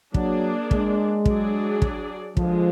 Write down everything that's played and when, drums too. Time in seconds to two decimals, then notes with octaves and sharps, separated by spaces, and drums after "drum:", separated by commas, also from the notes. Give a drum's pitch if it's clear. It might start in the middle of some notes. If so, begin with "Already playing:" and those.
0.14 F#3 A#3 D4 G#4 D5, drum: kick
0.71 G#3, drum: kick
1.25 F#3 D4 G#4 D5, drum: kick
1.82 drum: kick
2.37 D3 F3 G#3 D4, drum: kick